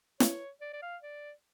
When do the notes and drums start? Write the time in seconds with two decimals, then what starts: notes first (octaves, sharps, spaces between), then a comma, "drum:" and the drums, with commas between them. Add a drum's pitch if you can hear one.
0.20 C#5, drum: snare
0.61 D5
0.73 D5
0.82 F5
1.03 D5